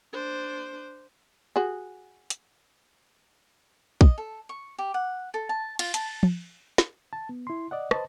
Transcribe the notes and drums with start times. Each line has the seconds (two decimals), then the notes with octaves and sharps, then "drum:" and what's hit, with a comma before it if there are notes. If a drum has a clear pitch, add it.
0.13 D4 C5
1.56 F#4 G#4
2.30 drum: hi-hat
4.01 D#5, drum: kick
4.18 A4
4.49 C#6
4.78 G4
4.94 F#5
5.34 A4
5.49 A5
5.79 F4, drum: cymbal
5.94 A5, drum: hi-hat
6.23 drum: tom
6.78 drum: snare
7.13 A5
7.29 B3
7.47 E4 C6
7.71 D5 D#5 F#5
7.91 B4 C5 D#5 A5, drum: rim click